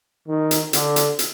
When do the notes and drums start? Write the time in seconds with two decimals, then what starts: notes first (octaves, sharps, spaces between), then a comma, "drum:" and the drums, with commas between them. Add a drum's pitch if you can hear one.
0.28 D#3
0.51 drum: hi-hat
0.73 D3, drum: hi-hat
0.96 drum: hi-hat
1.19 drum: hi-hat